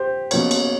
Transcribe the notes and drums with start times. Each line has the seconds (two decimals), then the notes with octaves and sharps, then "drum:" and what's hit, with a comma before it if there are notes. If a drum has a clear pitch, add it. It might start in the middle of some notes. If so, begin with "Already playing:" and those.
Already playing: G4 C5
0.31 B2 F#3 A#3 C#4 C#5, drum: cymbal
0.51 drum: cymbal